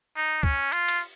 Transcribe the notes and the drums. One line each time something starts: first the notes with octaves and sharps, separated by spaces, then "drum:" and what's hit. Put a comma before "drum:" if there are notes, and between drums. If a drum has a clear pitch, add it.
D#4
C#4, drum: kick C#2
F4, drum: hi-hat
drum: cymbal